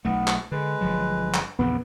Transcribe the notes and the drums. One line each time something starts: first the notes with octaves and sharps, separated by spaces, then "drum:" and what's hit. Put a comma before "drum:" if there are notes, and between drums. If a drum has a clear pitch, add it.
B1 A3 B3
drum: clap
D3 G#3 B4
G1 F3 F#3
drum: clap
A#1 E2 C#3 B3